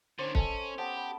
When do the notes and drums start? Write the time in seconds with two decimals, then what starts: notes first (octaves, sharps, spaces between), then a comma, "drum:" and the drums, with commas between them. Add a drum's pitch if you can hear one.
0.18 D3 D#3 C#4 C5
0.35 C#4 A4 D#5 G#5, drum: kick
0.78 B3 G4 A5 E6
0.96 B5